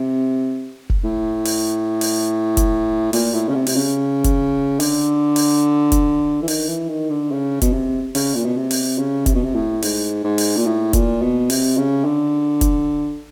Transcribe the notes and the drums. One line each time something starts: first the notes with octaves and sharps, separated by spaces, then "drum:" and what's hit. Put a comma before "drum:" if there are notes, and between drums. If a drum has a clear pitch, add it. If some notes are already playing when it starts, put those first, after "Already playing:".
Already playing: C3
drum: kick
A2
drum: open hi-hat
drum: open hi-hat
drum: kick, hi-hat
A#2, drum: open hi-hat
A2
C#3
C3
C3, drum: open hi-hat
C#3
drum: kick, hi-hat
D3, drum: open hi-hat
drum: open hi-hat
drum: kick, hi-hat
E3
D#3, drum: open hi-hat
E3
D#3
D3
C#3
B2, drum: kick, hi-hat
C3
C#3, drum: open hi-hat
A#2
B2
C3
drum: open hi-hat
C#3
C3, drum: kick, hi-hat
B2
C3
A2
G#2, drum: open hi-hat
G#2
drum: open hi-hat
A#2
A2
A#2, drum: kick, hi-hat
B2
C3, drum: open hi-hat
C#3
D3
drum: kick, hi-hat